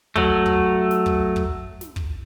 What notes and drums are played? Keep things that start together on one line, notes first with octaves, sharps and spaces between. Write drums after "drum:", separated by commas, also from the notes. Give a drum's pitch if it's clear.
F#3 A3, drum: kick
drum: kick
drum: snare
drum: kick
drum: kick
drum: snare
drum: kick